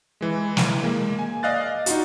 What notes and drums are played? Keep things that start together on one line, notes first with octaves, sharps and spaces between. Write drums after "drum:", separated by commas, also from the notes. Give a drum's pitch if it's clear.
E3 G#3
drum: snare
G#3 A#3
G#5
D5 D#5 F5 F#6 A6
D#4 F4 F#4, drum: hi-hat